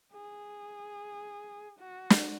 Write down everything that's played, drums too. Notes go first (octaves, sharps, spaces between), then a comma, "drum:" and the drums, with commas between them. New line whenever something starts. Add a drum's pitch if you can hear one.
G#4
F#4
drum: snare